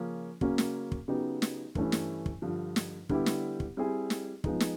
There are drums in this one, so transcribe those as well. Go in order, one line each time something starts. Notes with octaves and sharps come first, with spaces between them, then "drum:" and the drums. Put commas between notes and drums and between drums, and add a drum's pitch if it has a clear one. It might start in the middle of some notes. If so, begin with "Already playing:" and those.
Already playing: C#3 F3 A#3 C#4
C#3 F#3 A#3 C#4, drum: kick
drum: snare
drum: kick
C#3 F#3 B3 D#4 G4
drum: snare
G2 E3 A3 C#4 E4, drum: kick
drum: snare
drum: kick
G2 D3 F3
drum: snare
D3 G3 B3 E4 G4, drum: kick
drum: snare
drum: kick
G3 C4 E4 G#4
drum: snare
F3 G#3 B3 D#4, drum: kick
drum: snare